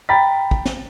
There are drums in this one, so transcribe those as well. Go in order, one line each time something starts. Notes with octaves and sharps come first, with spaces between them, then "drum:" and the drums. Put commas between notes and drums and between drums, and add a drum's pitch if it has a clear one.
G5 A#5 B5 A6 B6
drum: kick
drum: snare